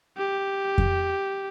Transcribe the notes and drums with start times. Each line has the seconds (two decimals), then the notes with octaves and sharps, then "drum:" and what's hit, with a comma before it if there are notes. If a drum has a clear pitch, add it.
0.18 G4
0.78 drum: kick F2